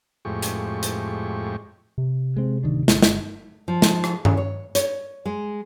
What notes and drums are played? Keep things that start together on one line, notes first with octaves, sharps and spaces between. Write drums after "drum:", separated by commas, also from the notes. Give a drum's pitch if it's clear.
F2 A2 G#3 G4 C#6
drum: hi-hat
drum: hi-hat
C3
G#3 C4
D1 D#3 D4
G1, drum: snare
drum: snare
F3
drum: snare
drum: rim click
C#3, drum: tom G2
C#5
C#5, drum: hi-hat
G#3